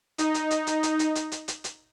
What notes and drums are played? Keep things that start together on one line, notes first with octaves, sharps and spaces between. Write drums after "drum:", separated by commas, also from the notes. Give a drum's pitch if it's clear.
D#4, drum: hi-hat
drum: hi-hat
drum: hi-hat
drum: hi-hat
drum: hi-hat
drum: hi-hat
drum: hi-hat
drum: hi-hat
drum: hi-hat
drum: hi-hat